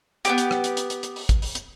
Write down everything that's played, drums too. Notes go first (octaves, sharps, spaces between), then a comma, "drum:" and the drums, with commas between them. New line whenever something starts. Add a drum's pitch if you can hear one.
B3 C4 G4, drum: hi-hat
drum: hi-hat
drum: rim click
drum: hi-hat
drum: hi-hat
drum: hi-hat
drum: hi-hat
drum: open hi-hat
drum: kick, hi-hat
drum: open hi-hat
drum: hi-hat